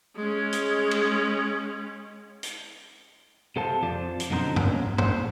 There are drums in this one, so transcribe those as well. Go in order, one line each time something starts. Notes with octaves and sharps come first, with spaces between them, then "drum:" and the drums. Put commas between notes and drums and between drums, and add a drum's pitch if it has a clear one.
G#3 C#4
drum: hi-hat
drum: cymbal
drum: hi-hat
C3 A4 C5 F5 A5
F2 F4 C5 D5
drum: hi-hat
F#2 B2 D3 D#4 A#4 C5
C#4, drum: tom G2
C5, drum: tom G2